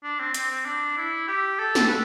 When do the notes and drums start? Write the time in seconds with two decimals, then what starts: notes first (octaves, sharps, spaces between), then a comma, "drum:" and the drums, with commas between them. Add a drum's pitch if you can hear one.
0.04 D4
0.20 C4
0.34 C4, drum: hi-hat
0.50 C4
0.65 D4
0.97 E4
1.28 G4
1.59 A4
1.75 drum: snare
1.89 B4